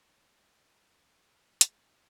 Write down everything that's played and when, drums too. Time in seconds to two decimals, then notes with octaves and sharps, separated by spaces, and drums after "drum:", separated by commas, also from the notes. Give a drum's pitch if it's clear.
0.11 B4
0.46 C4
0.87 G#3
1.61 drum: hi-hat